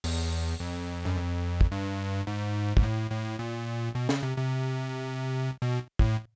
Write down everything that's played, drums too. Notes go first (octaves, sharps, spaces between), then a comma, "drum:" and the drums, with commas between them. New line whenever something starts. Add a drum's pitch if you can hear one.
E2, drum: open hi-hat
F2
F#2
F2
drum: kick
G2
G#2
G#2, drum: kick
A2
A2
A#2
B2
C#3, drum: snare
C3
C3
B2
A2, drum: kick